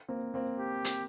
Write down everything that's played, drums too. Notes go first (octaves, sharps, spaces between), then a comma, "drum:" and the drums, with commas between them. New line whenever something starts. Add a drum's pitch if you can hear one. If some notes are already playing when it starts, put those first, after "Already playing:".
A#3 C4
A#3 C4
G4
drum: hi-hat